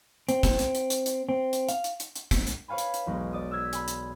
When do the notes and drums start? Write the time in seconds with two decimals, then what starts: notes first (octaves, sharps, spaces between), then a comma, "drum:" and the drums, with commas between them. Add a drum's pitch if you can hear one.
0.29 C4, drum: hi-hat
0.43 drum: kick, hi-hat
0.59 drum: hi-hat
0.75 drum: hi-hat
0.90 drum: hi-hat
1.06 drum: hi-hat
1.29 C4
1.53 drum: hi-hat
1.69 F5, drum: hi-hat
1.84 drum: hi-hat
2.00 drum: hi-hat
2.16 drum: hi-hat
2.31 drum: kick, hi-hat
2.47 drum: hi-hat
2.68 B4 C#5 F5 G#5 B5
2.78 drum: hi-hat
2.94 drum: hi-hat
3.06 E1 B1 G#3
3.33 D5 D#6
3.51 E6 F6 G#6 B6
3.73 G#5 B5, drum: hi-hat
3.88 drum: hi-hat